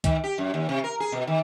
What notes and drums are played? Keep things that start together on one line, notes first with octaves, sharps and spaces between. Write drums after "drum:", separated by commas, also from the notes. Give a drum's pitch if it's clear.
D#3, drum: kick, hi-hat
G4
F#2
D#2
C3
A#4
G#4
B2
D#3